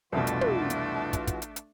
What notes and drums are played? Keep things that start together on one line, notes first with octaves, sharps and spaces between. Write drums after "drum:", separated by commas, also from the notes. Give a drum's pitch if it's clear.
C2 F2 B2 E3 A3 D4 F4 F#4
drum: hi-hat
drum: tom
drum: hi-hat
drum: kick, hi-hat
drum: kick, hi-hat
drum: hi-hat
drum: hi-hat